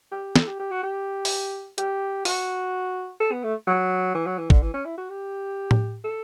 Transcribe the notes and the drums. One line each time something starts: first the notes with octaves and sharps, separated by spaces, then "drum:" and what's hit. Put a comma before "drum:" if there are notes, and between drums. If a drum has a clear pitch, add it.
G4
A4, drum: snare
G4
G4
F#4
G4
drum: open hi-hat
G4, drum: hi-hat
F#4, drum: open hi-hat
A4
B3
A3
F#3
E3
F#3
E3
D3, drum: kick
E3
C#4
E4
F#4
G4
drum: tom A2
A4